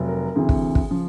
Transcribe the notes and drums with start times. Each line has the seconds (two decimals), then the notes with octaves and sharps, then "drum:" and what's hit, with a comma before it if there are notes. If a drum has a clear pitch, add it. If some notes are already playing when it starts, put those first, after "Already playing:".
Already playing: F1 F#3
0.09 A#4
0.35 D2 C3 E3 G#4
0.49 drum: kick
0.75 drum: kick
0.90 C#3 F3